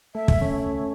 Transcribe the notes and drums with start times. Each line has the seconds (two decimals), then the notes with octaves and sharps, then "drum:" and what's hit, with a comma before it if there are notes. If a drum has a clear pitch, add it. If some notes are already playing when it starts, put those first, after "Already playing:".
0.15 A3 E5
0.28 drum: kick
0.41 A3 C#4